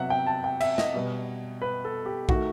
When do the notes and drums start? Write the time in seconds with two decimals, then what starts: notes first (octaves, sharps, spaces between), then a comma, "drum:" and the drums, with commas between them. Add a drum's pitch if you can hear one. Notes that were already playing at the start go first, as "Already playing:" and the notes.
Already playing: C3 F#3 B3 E5 F#5
0.10 G5
0.27 A5
0.44 G5
0.60 E5, drum: cymbal
0.78 D#5, drum: snare
0.94 B2 G3 B3
1.62 B4
1.84 A4
2.06 G4
2.29 D#3 A3 F#4, drum: kick A#1